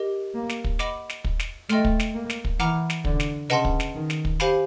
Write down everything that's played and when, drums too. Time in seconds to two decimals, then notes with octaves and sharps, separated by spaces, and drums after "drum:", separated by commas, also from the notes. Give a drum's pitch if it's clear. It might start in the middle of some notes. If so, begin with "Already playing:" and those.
Already playing: G4 A#4 D#5
0.34 A#3
0.49 drum: snare
0.64 drum: kick
0.79 D#5 F#5 B5 D6, drum: snare
1.09 drum: snare
1.24 drum: kick
1.39 drum: snare
1.69 A3 D#5 G5 C6 F6, drum: snare
1.85 drum: kick
2.00 drum: snare
2.14 A#3
2.30 drum: snare
2.45 drum: kick
2.60 E3 F#5 A#5 D6 F6, drum: snare
2.90 drum: snare
3.05 D3, drum: kick
3.20 drum: snare
3.50 C#3 B4 D#5 F#5 A5 C6, drum: snare
3.65 drum: kick
3.80 drum: snare
3.95 D#3
4.10 drum: snare
4.25 drum: kick
4.40 G4 C5 F5 G#5 B5, drum: snare